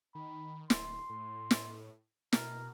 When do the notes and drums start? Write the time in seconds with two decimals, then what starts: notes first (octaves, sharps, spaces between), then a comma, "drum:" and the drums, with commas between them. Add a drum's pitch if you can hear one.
0.15 D#3 B5
0.70 D1 C6, drum: snare
1.10 A2
1.51 drum: snare
2.33 B2 A#4, drum: snare